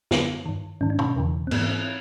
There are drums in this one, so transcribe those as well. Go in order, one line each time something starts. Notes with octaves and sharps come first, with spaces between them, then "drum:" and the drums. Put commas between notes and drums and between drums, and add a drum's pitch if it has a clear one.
F#2 D3 B3, drum: snare
G2 D#3
G#2 D#3 C#4
D4
C#4, drum: tom B2
E2 C#3 E3
C4
G#2 E3 B3, drum: cymbal
C4